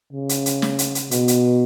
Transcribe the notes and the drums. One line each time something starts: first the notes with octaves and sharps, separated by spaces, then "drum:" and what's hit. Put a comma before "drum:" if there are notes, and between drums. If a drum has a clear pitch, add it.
C#3
drum: hi-hat
drum: hi-hat
drum: snare
drum: hi-hat
drum: hi-hat
B2, drum: hi-hat
drum: hi-hat